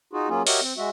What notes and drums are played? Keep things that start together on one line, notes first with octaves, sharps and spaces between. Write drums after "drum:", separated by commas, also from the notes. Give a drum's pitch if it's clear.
D#4 F4 F#4 G#4
F#3 A#3 C#4 F4 G#4
F#4 G4 A#4 C#5 D#5 E5, drum: open hi-hat
C4
G#3 F#4 E5